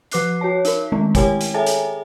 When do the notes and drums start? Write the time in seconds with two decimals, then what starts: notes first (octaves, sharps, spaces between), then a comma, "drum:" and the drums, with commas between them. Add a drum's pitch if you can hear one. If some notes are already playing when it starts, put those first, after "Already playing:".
0.11 F3 B4 D6 F#6 C7, drum: hi-hat
0.41 F#4 C#5 A5
0.65 D#4 A#4, drum: hi-hat
0.92 D#3 G#3 A3 C4 C#4
1.15 E4 G4 A#4 C#5 G5 G#5, drum: kick, hi-hat
1.41 drum: hi-hat
1.54 G#4 A4 C#5 E5 G5 G#5
1.67 drum: hi-hat